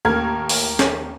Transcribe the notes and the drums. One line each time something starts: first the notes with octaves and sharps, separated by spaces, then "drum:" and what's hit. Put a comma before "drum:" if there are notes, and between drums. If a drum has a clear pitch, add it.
D#2 A2 A#3 A#4 F6 G#6
drum: open hi-hat
drum: snare